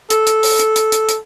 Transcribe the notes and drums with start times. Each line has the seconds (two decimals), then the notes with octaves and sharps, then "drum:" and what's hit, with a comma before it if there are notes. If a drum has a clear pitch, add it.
0.10 A4, drum: hi-hat
0.27 drum: hi-hat
0.43 drum: open hi-hat
0.59 drum: hi-hat
0.76 drum: hi-hat
0.92 drum: hi-hat
1.09 drum: hi-hat